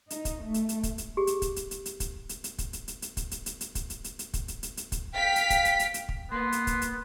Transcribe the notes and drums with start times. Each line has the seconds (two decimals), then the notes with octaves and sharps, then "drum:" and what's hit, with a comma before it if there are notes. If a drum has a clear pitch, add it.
0.10 D#4, drum: hi-hat
0.25 drum: kick, hi-hat
0.43 A3
0.54 drum: hi-hat
0.69 drum: hi-hat
0.83 drum: kick, hi-hat
0.98 drum: hi-hat
1.17 G4 G#4
1.27 drum: hi-hat
1.42 drum: kick, hi-hat
1.56 drum: hi-hat
1.71 drum: hi-hat
1.86 drum: hi-hat
2.00 drum: kick, hi-hat
2.29 drum: hi-hat
2.44 drum: hi-hat
2.58 drum: kick, hi-hat
2.73 drum: hi-hat
2.88 drum: hi-hat
3.02 drum: hi-hat
3.17 drum: kick, hi-hat
3.31 drum: hi-hat
3.46 drum: hi-hat
3.61 drum: hi-hat
3.75 drum: kick, hi-hat
3.90 drum: hi-hat
4.04 drum: hi-hat
4.19 drum: hi-hat
4.34 drum: kick, hi-hat
4.48 drum: hi-hat
4.63 drum: hi-hat
4.77 drum: hi-hat
4.92 drum: kick, hi-hat
5.15 F5 G5 B6
5.36 drum: hi-hat
5.50 drum: kick, hi-hat
5.65 drum: hi-hat
5.79 drum: hi-hat
5.94 drum: hi-hat
6.09 drum: kick
6.32 A#3 B3 B4 C6
6.52 drum: hi-hat
6.67 drum: kick, hi-hat
6.82 drum: hi-hat